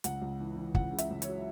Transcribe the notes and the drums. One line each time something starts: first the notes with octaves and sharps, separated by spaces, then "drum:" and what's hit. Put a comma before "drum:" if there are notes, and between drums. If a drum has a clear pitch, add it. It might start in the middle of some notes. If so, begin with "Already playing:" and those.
C#2 F#5, drum: hi-hat
C#2
E3
E3
C#2 F#5, drum: kick
C#3
E5, drum: hi-hat
C#2
C#5, drum: hi-hat
F#3